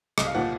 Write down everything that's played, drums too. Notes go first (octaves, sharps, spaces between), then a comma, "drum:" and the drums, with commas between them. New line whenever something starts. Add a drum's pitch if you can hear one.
C2 D#5, drum: rim click
F5
A#2 F3 F#5